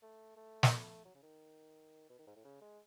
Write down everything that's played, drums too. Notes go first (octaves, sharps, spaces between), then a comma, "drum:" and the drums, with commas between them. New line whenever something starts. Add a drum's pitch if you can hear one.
A3
A3
drum: snare
F#3
C#3
D#3
B2
D#3
G#2
A2
C#3
G#3